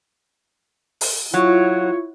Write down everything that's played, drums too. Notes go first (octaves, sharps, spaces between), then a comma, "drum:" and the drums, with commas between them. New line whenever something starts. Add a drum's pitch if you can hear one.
drum: open hi-hat
F#3 E4 F4 C#5